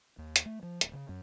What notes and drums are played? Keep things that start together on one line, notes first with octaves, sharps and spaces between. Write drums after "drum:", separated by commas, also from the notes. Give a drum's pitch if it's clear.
D#2
drum: hi-hat
A3
F3
D1, drum: hi-hat
C#3
F#2